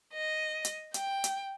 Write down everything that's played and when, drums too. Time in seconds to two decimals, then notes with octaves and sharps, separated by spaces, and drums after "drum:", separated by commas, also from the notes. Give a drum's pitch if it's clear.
0.13 D#5
0.65 drum: hi-hat
0.94 G5, drum: hi-hat
1.24 drum: hi-hat